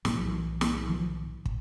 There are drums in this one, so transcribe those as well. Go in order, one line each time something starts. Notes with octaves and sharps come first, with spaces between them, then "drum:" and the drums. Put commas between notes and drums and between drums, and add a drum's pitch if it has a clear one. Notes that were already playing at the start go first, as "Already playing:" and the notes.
B1 A2 F#3, drum: snare
F3
E3 F#3
drum: snare
D#3 F3
drum: kick